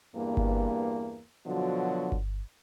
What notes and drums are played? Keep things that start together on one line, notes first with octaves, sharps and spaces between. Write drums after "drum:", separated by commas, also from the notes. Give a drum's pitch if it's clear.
E2 G2 A#3
drum: kick G1
B2 D3 F3 F#3
drum: kick G1